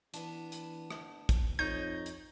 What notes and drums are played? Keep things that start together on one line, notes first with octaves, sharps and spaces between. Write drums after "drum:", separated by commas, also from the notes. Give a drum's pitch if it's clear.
E3 B3 D4, drum: hi-hat
drum: hi-hat
drum: rim click
drum: kick, hi-hat
F2 D#4 C#5 G6
drum: hi-hat